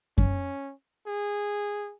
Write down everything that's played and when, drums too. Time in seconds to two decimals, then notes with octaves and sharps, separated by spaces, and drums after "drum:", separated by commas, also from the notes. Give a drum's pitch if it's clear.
0.18 C#4, drum: kick F#2
1.07 G#4